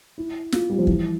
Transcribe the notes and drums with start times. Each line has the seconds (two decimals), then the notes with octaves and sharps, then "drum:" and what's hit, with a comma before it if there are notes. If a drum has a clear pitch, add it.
0.18 E4
0.52 F4, drum: snare
0.70 G3
0.79 F3
0.87 E3, drum: kick